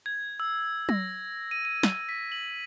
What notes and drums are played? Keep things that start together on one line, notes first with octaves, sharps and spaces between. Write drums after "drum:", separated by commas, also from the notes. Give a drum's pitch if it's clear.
G#6
E6
A#6, drum: tom F#3
D#7
D#7
drum: snare
B6
F#7